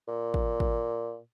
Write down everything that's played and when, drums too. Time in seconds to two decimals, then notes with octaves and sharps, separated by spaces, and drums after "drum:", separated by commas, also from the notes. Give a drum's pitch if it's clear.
0.08 A#2
0.34 drum: kick
0.60 drum: kick